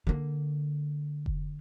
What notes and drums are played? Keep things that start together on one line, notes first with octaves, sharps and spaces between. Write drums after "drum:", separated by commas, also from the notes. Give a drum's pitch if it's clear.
D3 A#3
drum: kick F1